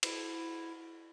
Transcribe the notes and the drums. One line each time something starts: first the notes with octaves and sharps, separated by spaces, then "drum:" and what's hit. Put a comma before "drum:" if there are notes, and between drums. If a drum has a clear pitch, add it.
E4, drum: cymbal